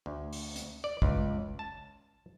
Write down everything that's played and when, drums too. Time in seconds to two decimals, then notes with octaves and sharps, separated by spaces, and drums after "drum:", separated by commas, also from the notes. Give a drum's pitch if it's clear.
0.06 D2
0.32 drum: open hi-hat
0.56 drum: hi-hat
0.84 D5
1.02 C#2, drum: kick
1.59 A5